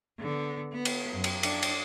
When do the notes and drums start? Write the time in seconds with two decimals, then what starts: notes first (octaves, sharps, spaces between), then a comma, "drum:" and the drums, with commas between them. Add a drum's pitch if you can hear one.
0.19 D3 B3
0.73 B3
0.85 drum: cymbal
1.13 F#2
1.24 drum: cymbal
1.43 D4, drum: cymbal
1.63 drum: cymbal